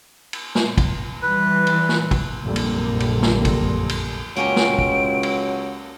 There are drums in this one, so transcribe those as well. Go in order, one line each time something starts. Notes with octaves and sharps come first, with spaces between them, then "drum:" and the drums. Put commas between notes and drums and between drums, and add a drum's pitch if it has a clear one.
drum: cymbal
drum: snare
drum: kick, cymbal
E3 G3 B4
drum: cymbal
drum: snare
drum: kick, cymbal
F1 A#1 F#2 D3 G3 A#3
drum: cymbal
drum: cymbal
drum: snare
drum: kick, cymbal
drum: cymbal
C#2 F#3 A#3 C#4 G4 D7
drum: snare
drum: kick
drum: cymbal